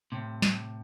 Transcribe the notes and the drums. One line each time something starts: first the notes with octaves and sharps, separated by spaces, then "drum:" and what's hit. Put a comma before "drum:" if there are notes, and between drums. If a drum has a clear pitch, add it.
A2 C3
drum: snare